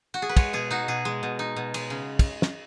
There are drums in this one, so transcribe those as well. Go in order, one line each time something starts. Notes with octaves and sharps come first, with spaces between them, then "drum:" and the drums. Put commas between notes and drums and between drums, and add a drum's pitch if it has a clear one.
F#4
G#4
B4
G#3 C#5, drum: kick, cymbal
B2 G#4
D#4 F#4
B2 G#4
G#3
B2
D#4
B2
G#3, drum: cymbal
C#3
drum: kick, cymbal
drum: snare